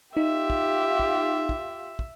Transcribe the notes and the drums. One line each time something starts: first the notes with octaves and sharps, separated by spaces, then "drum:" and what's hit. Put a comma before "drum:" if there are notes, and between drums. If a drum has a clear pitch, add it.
D#4 F4 G4 E5
drum: kick
drum: kick
drum: kick
drum: kick